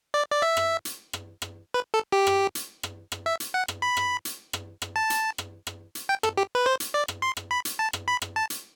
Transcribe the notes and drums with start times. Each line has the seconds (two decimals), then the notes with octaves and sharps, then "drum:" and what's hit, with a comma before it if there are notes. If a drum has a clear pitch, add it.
0.14 D5
0.32 D5
0.42 E5
0.57 drum: rim click
0.85 drum: hi-hat
1.13 drum: rim click
1.42 drum: rim click
1.74 B4
1.94 A4
2.12 G4
2.27 drum: rim click
2.55 drum: hi-hat
2.83 drum: rim click
3.12 drum: rim click
3.26 E5
3.40 drum: hi-hat
3.54 F#5
3.68 drum: rim click
3.82 B5
3.97 drum: rim click
4.25 drum: hi-hat
4.53 drum: rim click
4.82 drum: rim click
4.96 A5
5.10 drum: hi-hat
5.38 drum: rim click
5.67 drum: rim click
5.95 drum: hi-hat
6.09 G5
6.23 A4, drum: rim click
6.37 G4
6.55 B4
6.66 C5
6.80 drum: hi-hat
6.94 D5
7.08 drum: rim click
7.22 C6
7.37 drum: rim click
7.51 B5
7.65 drum: hi-hat
7.79 A5
7.93 drum: rim click
8.08 B5
8.22 drum: rim click
8.36 A5
8.50 drum: hi-hat